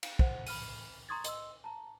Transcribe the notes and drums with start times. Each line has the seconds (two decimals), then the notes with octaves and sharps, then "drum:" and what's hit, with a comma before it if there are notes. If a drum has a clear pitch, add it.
0.03 F5, drum: cymbal
0.19 C5 F#5, drum: kick
0.46 B5 F6 D#7, drum: open hi-hat
1.09 A#5 C6 C#6 D#6 G#6 A6
1.24 D#5 C6 E6, drum: hi-hat
1.64 A5 A#5